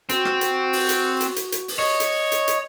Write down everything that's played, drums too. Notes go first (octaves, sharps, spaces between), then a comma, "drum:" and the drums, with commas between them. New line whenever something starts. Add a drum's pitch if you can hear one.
C4 F#4, drum: hi-hat
drum: rim click
drum: hi-hat
drum: open hi-hat
drum: hi-hat
drum: hi-hat
drum: hi-hat
drum: hi-hat
drum: open hi-hat
C#5 D#5 C#6
drum: hi-hat
drum: hi-hat
drum: hi-hat